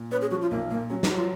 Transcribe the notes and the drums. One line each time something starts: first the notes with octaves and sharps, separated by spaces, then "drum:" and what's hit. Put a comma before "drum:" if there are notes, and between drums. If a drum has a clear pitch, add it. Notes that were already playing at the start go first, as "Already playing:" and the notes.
Already playing: A#2
C#4 B4
G#4
F3 F#4
F4
B1 A#3
A#2 A#3
F#3 C#4
D#4, drum: snare
F#3
F4